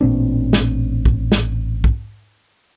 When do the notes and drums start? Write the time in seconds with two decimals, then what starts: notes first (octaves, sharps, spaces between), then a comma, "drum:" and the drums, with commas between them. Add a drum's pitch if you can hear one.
0.01 A1 A#2 C4 D4
0.53 drum: snare
1.05 drum: kick
1.32 drum: snare
1.84 drum: kick